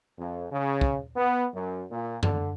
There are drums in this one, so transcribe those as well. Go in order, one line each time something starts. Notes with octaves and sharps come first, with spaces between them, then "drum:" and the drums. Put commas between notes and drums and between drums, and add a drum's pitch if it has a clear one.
F2
C#3
drum: kick
B3
F#2
A#2
D3, drum: tom F#2